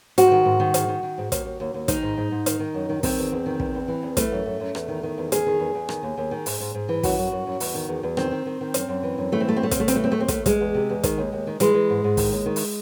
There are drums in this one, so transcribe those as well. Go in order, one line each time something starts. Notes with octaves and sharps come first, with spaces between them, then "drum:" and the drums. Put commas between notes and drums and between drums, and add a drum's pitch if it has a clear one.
G#2 F#4, drum: hi-hat
D#3
G#2
D#3
G#2, drum: hi-hat
D#3
D#3
G#2
D#2, drum: kick, hi-hat
D#2
D#2
D#2
D#3 D#4, drum: kick, hi-hat
G#2
G#2
G#2
D#3, drum: hi-hat
D#3
F#2
D#3
D#3 C4, drum: kick, open hi-hat
E2
E2
D#3
E2, drum: kick
E2
E3
E2
E3 A3, drum: kick, hi-hat
F#2
F#2
F#2
E2, drum: rim click
D#3
D#3
E2
E2 G#4, drum: hi-hat
D#3
E2
E2
D#3, drum: rim click
D#2
D#2
D#3
G#2, drum: open hi-hat
G#2
G#2
E3
F#2 F#4, drum: kick, open hi-hat
F#2
F#2
F#2
E2, drum: open hi-hat
D#3
E2
E2
D#3 C4, drum: rim click
D#3
D#3
D#3
F#2, drum: hi-hat
F#2
E3
F#2
E3 A3
C4
F#2 A3
C4
F#2 A3
C4, drum: kick, hi-hat
C#3 A3
E3 C4, drum: hi-hat
A3
D#2 C4
A3
D#2 C4
D#2 A3, drum: kick, hi-hat
E2 G#3, drum: kick, hi-hat
E2
C3
E2
D#3, drum: kick, hi-hat
D#2
D#2
D#3
E3 G#3, drum: hi-hat
E3
G#2
G#2
D#3, drum: kick, open hi-hat
D#2
D#3
drum: open hi-hat